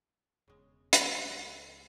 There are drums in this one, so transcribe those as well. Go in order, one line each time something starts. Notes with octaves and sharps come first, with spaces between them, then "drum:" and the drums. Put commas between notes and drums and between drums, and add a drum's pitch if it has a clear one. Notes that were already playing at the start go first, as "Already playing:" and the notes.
E1 C#3 G#3
F3 C4 F4, drum: hi-hat
C#2 G#3 G4 A4